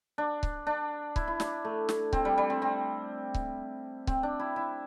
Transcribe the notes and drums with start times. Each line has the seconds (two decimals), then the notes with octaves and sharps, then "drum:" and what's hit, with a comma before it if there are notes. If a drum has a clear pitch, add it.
0.18 D4
0.43 drum: kick C#1
0.67 D4
1.16 E4, drum: kick C#1
1.28 E4
1.40 D4, drum: snare
1.65 A3
1.89 drum: snare
2.13 C4, drum: kick C#1
2.25 G3
2.38 G3
2.50 C4
2.62 C4
3.34 drum: kick C#1
4.07 C4, drum: kick C#1
4.23 D4
4.40 E4
4.56 E4